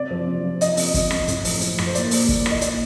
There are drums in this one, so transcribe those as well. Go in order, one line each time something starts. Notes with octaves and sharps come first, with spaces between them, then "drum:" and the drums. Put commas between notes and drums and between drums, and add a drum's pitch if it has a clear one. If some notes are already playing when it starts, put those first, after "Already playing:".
Already playing: C3 D5
F3
C3
F3
F3 D#5, drum: hi-hat
C3, drum: open hi-hat
C3, drum: kick, hi-hat
C3, drum: rim click
A2, drum: hi-hat
F3, drum: open hi-hat
F3, drum: hi-hat
A2, drum: rim click
C5
A#3 D5, drum: hi-hat
A#2, drum: open hi-hat
A#2, drum: kick
A#2, drum: rim click
D#5
A#2 D5, drum: hi-hat